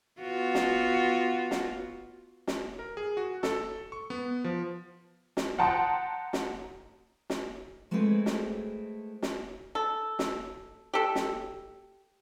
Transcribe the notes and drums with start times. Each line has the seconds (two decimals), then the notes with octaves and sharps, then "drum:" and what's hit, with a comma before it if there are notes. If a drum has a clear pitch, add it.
0.20 B3 F4 F#4
0.55 drum: snare
1.51 drum: snare
2.47 drum: snare
2.79 A#4
2.97 G#4
3.17 F#4
3.43 A4, drum: snare
3.92 C#6
4.10 B3
4.44 F3
5.37 drum: snare
5.59 F#5 G5 A5 A#5 C6 D#6
6.33 drum: snare
7.30 drum: snare
7.91 G#3 A3 C4 E4 G#4 B4
8.26 drum: snare
9.22 drum: snare
9.75 A4
10.19 drum: snare
10.93 G4 A4
11.15 drum: snare